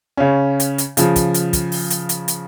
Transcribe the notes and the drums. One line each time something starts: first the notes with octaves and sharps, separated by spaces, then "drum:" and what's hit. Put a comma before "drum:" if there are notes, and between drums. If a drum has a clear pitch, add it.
C#3 C#4
drum: hi-hat
drum: hi-hat
C#3 F3, drum: hi-hat
drum: kick, hi-hat
drum: hi-hat
drum: kick, hi-hat
drum: open hi-hat
drum: hi-hat
drum: hi-hat
drum: hi-hat